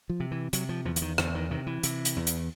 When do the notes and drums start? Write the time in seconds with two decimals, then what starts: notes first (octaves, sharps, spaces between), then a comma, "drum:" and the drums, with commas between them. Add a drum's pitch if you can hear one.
0.10 F3
0.20 C3
0.31 E3
0.53 C3 F#3, drum: hi-hat
0.69 F3
0.85 E2 F3
0.96 E3, drum: hi-hat
1.02 D#3
1.18 E2 D3, drum: rim click
1.35 D#3
1.51 C3 D#3
1.67 E3
1.83 C3, drum: hi-hat
2.05 drum: hi-hat
2.17 E2
2.27 drum: hi-hat